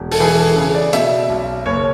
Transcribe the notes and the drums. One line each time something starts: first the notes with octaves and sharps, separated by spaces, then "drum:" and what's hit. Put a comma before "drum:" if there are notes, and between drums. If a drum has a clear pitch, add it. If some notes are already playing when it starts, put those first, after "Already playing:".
Already playing: E1
A4, drum: open hi-hat
E3 G#4
A4
C#3 G#4
D5
B2 E5, drum: hi-hat
B1
F#1 C#5